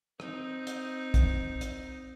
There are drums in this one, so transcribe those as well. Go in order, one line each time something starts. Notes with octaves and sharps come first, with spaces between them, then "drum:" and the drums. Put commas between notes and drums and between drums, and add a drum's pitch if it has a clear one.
C4 D#4, drum: rim click
drum: hi-hat
drum: kick, hi-hat
drum: hi-hat